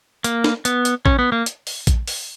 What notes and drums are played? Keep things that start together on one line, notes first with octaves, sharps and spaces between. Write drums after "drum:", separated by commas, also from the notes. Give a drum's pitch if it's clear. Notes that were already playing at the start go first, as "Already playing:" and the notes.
A#3, drum: hi-hat
drum: snare
B3, drum: hi-hat
drum: hi-hat
C#4, drum: kick A#1
B3
A#3
drum: hi-hat
drum: open hi-hat
drum: kick A#1, hi-hat
drum: open hi-hat